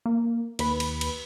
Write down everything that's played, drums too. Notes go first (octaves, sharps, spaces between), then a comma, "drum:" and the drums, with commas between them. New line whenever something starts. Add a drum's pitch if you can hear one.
A#3
D#2 B4 B5, drum: cymbal
drum: cymbal
drum: cymbal